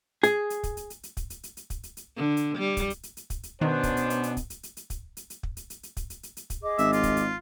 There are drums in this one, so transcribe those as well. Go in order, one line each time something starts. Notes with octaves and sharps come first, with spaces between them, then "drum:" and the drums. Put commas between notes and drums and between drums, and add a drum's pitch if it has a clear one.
G#4, drum: hi-hat
drum: hi-hat
drum: kick, hi-hat
drum: hi-hat
drum: hi-hat
drum: hi-hat
drum: kick, hi-hat
drum: hi-hat
drum: hi-hat
drum: hi-hat
drum: kick, hi-hat
drum: hi-hat
drum: hi-hat
D3
drum: hi-hat
G3
drum: kick, hi-hat
drum: hi-hat
drum: hi-hat
drum: hi-hat
drum: kick, hi-hat
drum: hi-hat
B2 D#3 B3 C#4 D4 C5
drum: kick, hi-hat
drum: hi-hat
drum: hi-hat
drum: hi-hat
drum: kick, hi-hat
drum: hi-hat
drum: hi-hat
drum: hi-hat
drum: kick, hi-hat
drum: hi-hat
drum: hi-hat
drum: kick
drum: hi-hat
drum: hi-hat
drum: hi-hat
drum: kick, hi-hat
drum: hi-hat
drum: hi-hat
drum: hi-hat
drum: kick, hi-hat
G#4 D#5 D6
G#1 E5, drum: hi-hat
F4, drum: hi-hat
drum: kick, hi-hat
drum: hi-hat